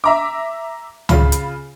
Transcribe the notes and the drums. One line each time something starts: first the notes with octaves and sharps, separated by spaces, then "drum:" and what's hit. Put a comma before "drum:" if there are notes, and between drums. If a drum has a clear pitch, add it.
E5 A#5 D6
C#3 F4 B5, drum: tom C#2
drum: hi-hat